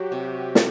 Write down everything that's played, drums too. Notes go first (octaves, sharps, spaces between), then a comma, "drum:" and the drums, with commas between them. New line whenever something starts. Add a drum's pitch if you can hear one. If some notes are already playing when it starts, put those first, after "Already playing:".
Already playing: F#3 F#4 G4
C3
A3, drum: snare